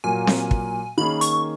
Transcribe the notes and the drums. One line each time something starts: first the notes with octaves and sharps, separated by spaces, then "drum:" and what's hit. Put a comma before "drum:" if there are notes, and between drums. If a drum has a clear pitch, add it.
A#2 F#3 A#3 G#5
drum: snare C4
drum: kick
D#3 A#3 C#4 G#4 B5
C#6, drum: hi-hat